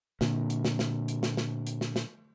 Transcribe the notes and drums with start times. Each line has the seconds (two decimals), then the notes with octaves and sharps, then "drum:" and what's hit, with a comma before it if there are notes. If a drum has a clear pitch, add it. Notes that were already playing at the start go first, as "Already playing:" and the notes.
0.21 A#2 D3, drum: snare
0.50 drum: hi-hat
0.65 drum: snare
0.79 drum: snare
1.08 drum: hi-hat
1.23 drum: snare
1.37 drum: snare
1.67 drum: hi-hat
1.81 drum: snare
1.96 drum: snare